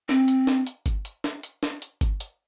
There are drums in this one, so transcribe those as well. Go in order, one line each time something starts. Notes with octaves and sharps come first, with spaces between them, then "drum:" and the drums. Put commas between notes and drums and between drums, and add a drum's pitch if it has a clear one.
C4, drum: snare
drum: hi-hat
drum: snare
drum: hi-hat
drum: kick G1, hi-hat
drum: hi-hat
drum: snare
drum: hi-hat
drum: snare
drum: hi-hat
drum: kick G1, hi-hat
drum: hi-hat